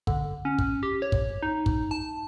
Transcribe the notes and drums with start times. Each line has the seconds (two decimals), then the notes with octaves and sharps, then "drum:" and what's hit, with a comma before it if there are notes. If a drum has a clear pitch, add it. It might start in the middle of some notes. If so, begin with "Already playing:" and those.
0.07 D3, drum: kick
0.45 C#4
0.59 drum: kick
0.83 G4
1.02 C#5
1.12 drum: kick
1.42 D#4
1.66 drum: kick
1.91 A5